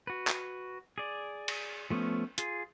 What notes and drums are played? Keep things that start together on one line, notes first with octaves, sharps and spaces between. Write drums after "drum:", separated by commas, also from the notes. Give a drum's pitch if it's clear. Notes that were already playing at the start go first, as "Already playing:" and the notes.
F#4 B4
drum: clap
G#4 D5
drum: cymbal
F3 A3 B3 C#4
F4 G#4, drum: hi-hat